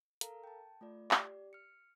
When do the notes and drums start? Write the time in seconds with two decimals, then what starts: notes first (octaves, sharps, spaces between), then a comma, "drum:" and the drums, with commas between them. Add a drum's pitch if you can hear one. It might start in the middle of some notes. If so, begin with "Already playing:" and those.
0.21 A4 A#4 F5 A#5, drum: hi-hat
0.44 G5 A5
0.81 A3 F4 D5
1.11 G4 D5, drum: clap
1.53 F6 C#7